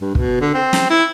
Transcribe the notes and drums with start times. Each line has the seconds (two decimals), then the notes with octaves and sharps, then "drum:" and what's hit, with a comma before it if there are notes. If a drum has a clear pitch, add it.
0.01 G2
0.15 B2, drum: kick
0.40 D3
0.54 C4
0.73 drum: snare
0.90 E4